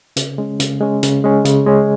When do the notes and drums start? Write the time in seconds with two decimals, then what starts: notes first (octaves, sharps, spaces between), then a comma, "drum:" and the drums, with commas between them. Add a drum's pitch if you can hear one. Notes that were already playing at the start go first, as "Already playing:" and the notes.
0.16 C#3, drum: hi-hat
0.38 G#3 C#4
0.60 C#3, drum: hi-hat
0.81 G#3 C#4
1.03 C#3, drum: hi-hat
1.24 G#3 C#4
1.45 C#3, drum: hi-hat
1.66 G#3 C#4